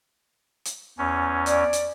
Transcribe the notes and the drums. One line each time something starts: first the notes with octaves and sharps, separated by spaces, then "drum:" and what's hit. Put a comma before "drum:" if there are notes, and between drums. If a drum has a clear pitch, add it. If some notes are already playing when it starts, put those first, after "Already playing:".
drum: hi-hat
E2 C#4
D5, drum: hi-hat
drum: hi-hat